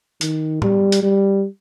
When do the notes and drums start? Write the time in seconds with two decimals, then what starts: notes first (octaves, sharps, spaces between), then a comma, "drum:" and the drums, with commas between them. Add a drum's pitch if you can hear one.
0.21 D#3, drum: hi-hat
0.62 G3, drum: tom
0.92 drum: hi-hat
1.03 G3